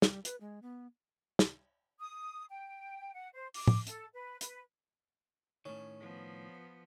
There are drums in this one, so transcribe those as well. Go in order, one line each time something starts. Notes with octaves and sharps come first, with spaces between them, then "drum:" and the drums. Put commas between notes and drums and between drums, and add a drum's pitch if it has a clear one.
G3, drum: snare
B4, drum: hi-hat
G#3
B3
drum: snare
D#6
G5
F#5
C5
D6, drum: open hi-hat
drum: tom
A4, drum: hi-hat
B4
B4, drum: hi-hat
A2 D#3 C#4
F3 B3